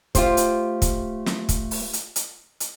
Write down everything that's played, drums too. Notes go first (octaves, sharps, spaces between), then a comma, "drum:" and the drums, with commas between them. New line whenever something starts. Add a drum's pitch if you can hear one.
A3 F4 G4 C5, drum: kick, hi-hat
drum: hi-hat
drum: kick, hi-hat
drum: snare
drum: kick, hi-hat
drum: open hi-hat
drum: hi-hat
drum: hi-hat
drum: hi-hat